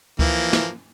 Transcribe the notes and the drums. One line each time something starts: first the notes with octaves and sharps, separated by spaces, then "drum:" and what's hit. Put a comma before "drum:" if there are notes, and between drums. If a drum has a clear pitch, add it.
E3 F3 A#3, drum: kick C#2
drum: snare